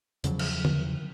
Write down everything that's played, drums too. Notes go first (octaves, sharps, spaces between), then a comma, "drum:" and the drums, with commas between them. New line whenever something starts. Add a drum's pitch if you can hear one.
E2 C#3 F3 F#3, drum: hi-hat
drum: cymbal
drum: tom